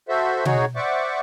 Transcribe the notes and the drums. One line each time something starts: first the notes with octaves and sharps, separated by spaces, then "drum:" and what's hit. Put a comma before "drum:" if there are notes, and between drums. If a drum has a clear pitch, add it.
F#4 A4 C5 E5
D#4 F#4 G#4 C#5, drum: tom B2
C5 D5 E5 F#5 C#6 D6